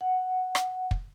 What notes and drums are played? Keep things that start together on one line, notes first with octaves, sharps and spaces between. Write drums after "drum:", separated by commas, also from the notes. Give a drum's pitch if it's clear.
F#5
drum: rim click
drum: kick